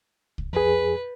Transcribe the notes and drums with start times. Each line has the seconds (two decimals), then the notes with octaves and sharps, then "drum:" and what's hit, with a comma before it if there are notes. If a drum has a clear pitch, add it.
0.38 drum: kick C2
0.53 F2 G#4 B4